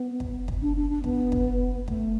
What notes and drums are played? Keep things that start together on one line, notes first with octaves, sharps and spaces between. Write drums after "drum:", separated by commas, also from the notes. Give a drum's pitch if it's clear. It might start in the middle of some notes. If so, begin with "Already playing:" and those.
Already playing: B3
drum: kick
drum: kick
D4
D4
D4
B3, drum: kick
drum: kick
A3, drum: kick